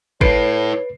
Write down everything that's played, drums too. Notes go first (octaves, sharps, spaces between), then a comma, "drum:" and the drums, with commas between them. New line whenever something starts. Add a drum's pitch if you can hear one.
E4 A4 B4 C#5 C7 D7, drum: kick